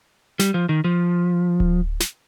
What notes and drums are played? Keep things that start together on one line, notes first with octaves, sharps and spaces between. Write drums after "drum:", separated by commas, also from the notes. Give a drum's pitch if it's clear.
G3, drum: snare
F3
D#3
F3
drum: kick D1
drum: snare